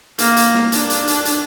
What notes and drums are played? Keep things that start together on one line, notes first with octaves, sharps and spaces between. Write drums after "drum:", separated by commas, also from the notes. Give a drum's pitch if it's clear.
A#3, drum: hi-hat
drum: hi-hat
drum: snare
D4, drum: hi-hat
drum: hi-hat
drum: hi-hat
drum: hi-hat